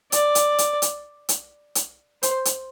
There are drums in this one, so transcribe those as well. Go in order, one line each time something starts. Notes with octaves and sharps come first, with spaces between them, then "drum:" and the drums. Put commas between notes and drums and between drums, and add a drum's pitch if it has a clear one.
D5, drum: hi-hat
drum: hi-hat
drum: hi-hat
drum: hi-hat
drum: hi-hat
drum: hi-hat
C5, drum: hi-hat
drum: hi-hat